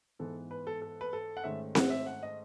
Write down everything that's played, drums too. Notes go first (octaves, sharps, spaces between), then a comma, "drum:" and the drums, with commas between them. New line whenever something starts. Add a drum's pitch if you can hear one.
G#2 E3 B3 A4
B4
A4
A4
B4
A4
F#5
G#2 D#3 A3 C#4 E5
F#5, drum: snare C4
E5
F#5
D#5